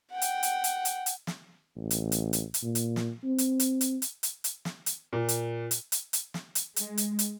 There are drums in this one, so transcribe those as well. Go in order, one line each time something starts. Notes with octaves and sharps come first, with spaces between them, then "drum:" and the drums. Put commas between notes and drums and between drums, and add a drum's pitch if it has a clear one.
F#5 G5
drum: hi-hat
drum: hi-hat
drum: hi-hat
drum: hi-hat
drum: hi-hat
drum: snare
A1
drum: hi-hat
drum: hi-hat
drum: hi-hat
drum: hi-hat
A#2
drum: hi-hat
drum: snare
C4
drum: hi-hat
drum: hi-hat
drum: hi-hat
drum: hi-hat
drum: hi-hat
drum: hi-hat
drum: snare
drum: hi-hat
A#2
drum: hi-hat
drum: hi-hat
drum: hi-hat
drum: hi-hat
drum: snare
drum: hi-hat
G#3, drum: hi-hat
drum: hi-hat
drum: hi-hat